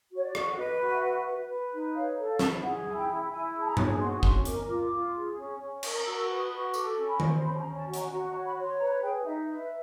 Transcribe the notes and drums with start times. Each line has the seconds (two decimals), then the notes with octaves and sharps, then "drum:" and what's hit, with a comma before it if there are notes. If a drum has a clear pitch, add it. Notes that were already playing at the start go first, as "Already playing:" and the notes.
0.11 F#4 C#5
0.23 D5
0.35 F#4, drum: rim click
0.57 B4 D#5
0.80 F#4
0.92 E5
1.03 B4
1.25 B4
1.49 B4
1.72 D#4
1.94 C#5 F5
2.18 A4
2.29 F5
2.39 E4, drum: snare
2.63 G#4 F#5
2.86 E4 G#5
2.97 G5
3.08 E4
3.31 E4 G#5
3.55 G#4
3.61 A5
3.66 A#5
3.77 G#4, drum: tom G#2
4.00 F#4 C6
4.23 C#4 C6, drum: kick
4.45 A#4 D6, drum: hi-hat
4.68 F4 D6
4.91 F4
5.14 G#4
5.37 C#4
5.59 C#4
5.83 A#4, drum: cymbal
6.05 F#4 E6
6.29 B4
6.39 D#6
6.51 F#4
6.74 A4 D6, drum: tambourine
6.96 C#4
7.08 B5
7.20 C5, drum: tom D#3
7.35 C6
7.42 C#4 B5
7.56 A5
7.60 A#5
7.65 C#4
7.77 A5
7.87 F#4
7.94 A#5, drum: hi-hat
8.12 F#4 A#5
8.29 A#5
8.34 C#5
8.46 B5
8.56 C#5
8.63 C6
8.80 B4 A#5
9.02 G#4 G5
9.25 D#4 E5
9.47 B4 E5